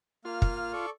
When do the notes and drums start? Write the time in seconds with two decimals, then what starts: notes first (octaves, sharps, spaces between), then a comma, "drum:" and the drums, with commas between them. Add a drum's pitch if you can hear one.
0.25 A#3 F4 F6
0.42 drum: kick
0.73 A4 D5 C#6